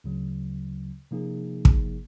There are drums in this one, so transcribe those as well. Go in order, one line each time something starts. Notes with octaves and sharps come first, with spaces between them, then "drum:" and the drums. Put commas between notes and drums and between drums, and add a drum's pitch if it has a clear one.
D2 C#3 F#3
C3 F3 A#3 D#4 G#4
drum: kick